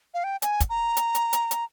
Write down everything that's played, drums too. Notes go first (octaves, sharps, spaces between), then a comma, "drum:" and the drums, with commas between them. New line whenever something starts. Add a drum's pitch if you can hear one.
F5
G5
G#5, drum: hi-hat
drum: kick, hi-hat
A#5
drum: hi-hat
drum: hi-hat
drum: hi-hat
drum: hi-hat